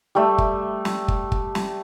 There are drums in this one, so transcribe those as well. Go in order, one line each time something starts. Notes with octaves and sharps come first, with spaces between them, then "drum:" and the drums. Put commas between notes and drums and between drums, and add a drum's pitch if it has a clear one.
G3 A3 E5
drum: kick
drum: snare
drum: kick
drum: kick
drum: snare